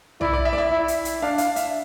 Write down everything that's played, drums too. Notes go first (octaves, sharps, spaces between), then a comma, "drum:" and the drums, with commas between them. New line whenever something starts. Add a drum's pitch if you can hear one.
E4 D5, drum: tom B1
D5
E5
D5
E5
E4
drum: hi-hat
drum: hi-hat
D4 F5
F5, drum: hi-hat
E5, drum: hi-hat